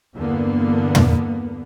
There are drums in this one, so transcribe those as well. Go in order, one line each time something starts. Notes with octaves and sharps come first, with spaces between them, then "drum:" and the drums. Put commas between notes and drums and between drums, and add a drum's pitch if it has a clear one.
E2 G2 D3 A#3 B3
drum: tom